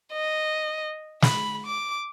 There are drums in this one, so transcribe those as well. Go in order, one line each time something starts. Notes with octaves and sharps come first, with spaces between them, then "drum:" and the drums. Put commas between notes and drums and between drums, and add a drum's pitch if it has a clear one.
D#5
B5, drum: snare
D6